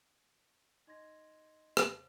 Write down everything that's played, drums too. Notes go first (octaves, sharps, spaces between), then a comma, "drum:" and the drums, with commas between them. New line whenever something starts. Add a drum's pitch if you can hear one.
D#4 D#5 C6 G#6 A#6
drum: rim click